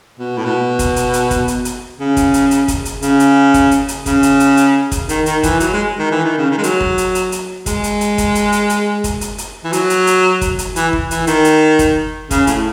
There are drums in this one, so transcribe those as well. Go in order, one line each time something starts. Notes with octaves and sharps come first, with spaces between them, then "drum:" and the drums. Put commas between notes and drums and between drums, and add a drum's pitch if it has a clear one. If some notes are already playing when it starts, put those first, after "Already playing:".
B2
A2
B2
drum: kick, hi-hat
drum: hi-hat
drum: hi-hat
drum: kick, hi-hat
drum: hi-hat
drum: hi-hat
C#3
drum: kick, hi-hat
drum: hi-hat
drum: hi-hat
drum: kick, hi-hat
drum: hi-hat
C#3, drum: hi-hat
drum: hi-hat
drum: kick, hi-hat
drum: hi-hat
drum: hi-hat
C#3, drum: kick, hi-hat
drum: hi-hat
drum: hi-hat
drum: hi-hat
drum: kick, hi-hat
D#3, drum: hi-hat
D#3, drum: hi-hat
E3, drum: kick, hi-hat
F#3, drum: hi-hat
G#3
D#3
E3
D#3
C#3
D#3
G#3
F#3, drum: hi-hat
drum: kick
drum: hi-hat
drum: hi-hat
drum: hi-hat
G#3, drum: kick, hi-hat
drum: hi-hat
drum: hi-hat
drum: kick, hi-hat
drum: hi-hat
drum: hi-hat
drum: hi-hat
drum: kick, hi-hat
drum: hi-hat
drum: hi-hat
E3
F#3, drum: hi-hat
drum: hi-hat
drum: hi-hat
drum: kick, hi-hat
drum: hi-hat
E3, drum: hi-hat
drum: kick
E3, drum: hi-hat
D#3, drum: hi-hat
drum: hi-hat
drum: kick, hi-hat
C#3, drum: kick, hi-hat
A2, drum: hi-hat